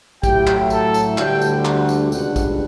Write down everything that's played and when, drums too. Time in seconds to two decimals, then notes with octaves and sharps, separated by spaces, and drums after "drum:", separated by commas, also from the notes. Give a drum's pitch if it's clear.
0.23 A2 F#3 A3 E4 G4 G5, drum: kick, tambourine
0.47 drum: clap
0.70 A4 A5, drum: tambourine
0.94 drum: tambourine
1.18 D2 D3 G3 D4 G4 G5, drum: clap
1.41 drum: tambourine
1.65 F#4 F#5, drum: clap
1.89 drum: tambourine
2.12 C#2 B2 G3 D4 F#4 F#5, drum: tambourine
2.36 drum: kick, tambourine